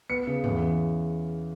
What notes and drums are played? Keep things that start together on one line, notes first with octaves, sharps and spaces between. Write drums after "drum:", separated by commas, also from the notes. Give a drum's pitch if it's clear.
B3 C#7
C#3
E2, drum: tom G#2